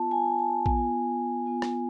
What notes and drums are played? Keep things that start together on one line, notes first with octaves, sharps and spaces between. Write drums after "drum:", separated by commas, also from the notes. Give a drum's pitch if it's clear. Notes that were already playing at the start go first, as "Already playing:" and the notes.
Already playing: B3 F4 A5
G#5
A5
B3 F4 G#5, drum: kick A#1
B3 F4
drum: rim click